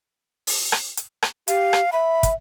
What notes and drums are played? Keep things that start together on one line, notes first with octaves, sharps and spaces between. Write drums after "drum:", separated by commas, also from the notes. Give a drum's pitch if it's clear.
drum: open hi-hat
drum: rim click
drum: hi-hat
drum: rim click
G4 F5, drum: hi-hat
drum: rim click
E5 B5
drum: kick, hi-hat